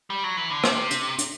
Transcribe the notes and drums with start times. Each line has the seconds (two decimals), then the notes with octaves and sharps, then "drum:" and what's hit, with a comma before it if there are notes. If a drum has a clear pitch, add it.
0.10 G3
0.24 F#3
0.37 E3
0.50 D3
0.64 C3, drum: rim click
0.91 drum: hi-hat
1.18 drum: hi-hat